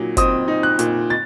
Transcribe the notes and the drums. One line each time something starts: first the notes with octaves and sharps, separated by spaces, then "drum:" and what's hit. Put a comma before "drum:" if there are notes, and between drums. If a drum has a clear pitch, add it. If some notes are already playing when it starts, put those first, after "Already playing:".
Already playing: A#2 F#3 D#4
C4 D#6, drum: kick F#1, hi-hat
D#4
F#6
A#2, drum: hi-hat
A6